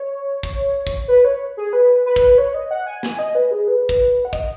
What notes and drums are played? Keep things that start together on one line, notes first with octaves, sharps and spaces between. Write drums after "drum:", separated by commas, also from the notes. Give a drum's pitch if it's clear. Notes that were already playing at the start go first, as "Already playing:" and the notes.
Already playing: C#5
drum: kick
drum: kick
B4
C#5
G#4
B4
B4
drum: kick
C#5
D#5
F#5
G#5
G#5, drum: snare
D#5
B4
G#4
B4
drum: kick
F#5
D#5, drum: kick